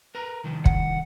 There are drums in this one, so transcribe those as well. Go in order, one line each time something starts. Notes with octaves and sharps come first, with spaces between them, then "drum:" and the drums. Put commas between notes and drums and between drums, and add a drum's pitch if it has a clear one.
A#4 B4 A#5
C2 D#3 F3
F#5, drum: kick